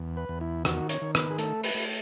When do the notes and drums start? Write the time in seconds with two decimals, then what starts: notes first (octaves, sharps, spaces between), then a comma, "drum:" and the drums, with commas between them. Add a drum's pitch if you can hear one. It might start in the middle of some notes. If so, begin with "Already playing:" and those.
Already playing: E2
0.17 B4
0.29 E2
0.41 E4
0.65 D#3 F#4, drum: rim click
0.89 C#5, drum: hi-hat
1.02 D#3
1.15 B4, drum: rim click
1.30 G#4
1.38 A3 A4, drum: hi-hat
1.63 B4, drum: open hi-hat
1.75 A3